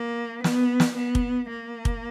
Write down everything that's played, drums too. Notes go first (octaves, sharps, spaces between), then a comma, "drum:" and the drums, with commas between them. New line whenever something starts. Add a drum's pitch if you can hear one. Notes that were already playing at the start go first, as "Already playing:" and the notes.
Already playing: A#3
B3, drum: snare
drum: snare
B3
drum: kick
A#3
drum: kick